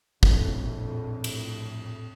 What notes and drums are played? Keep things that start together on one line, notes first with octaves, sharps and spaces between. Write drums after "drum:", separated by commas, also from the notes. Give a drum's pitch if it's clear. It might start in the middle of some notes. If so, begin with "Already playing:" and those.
A#1 F2 A2, drum: kick
drum: cymbal